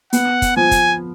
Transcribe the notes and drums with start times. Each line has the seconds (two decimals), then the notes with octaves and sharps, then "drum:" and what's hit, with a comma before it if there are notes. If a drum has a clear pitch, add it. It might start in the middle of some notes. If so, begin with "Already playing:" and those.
0.13 B3 F#5, drum: hi-hat
0.42 drum: kick, hi-hat
0.57 F3 G#5
0.71 drum: kick, hi-hat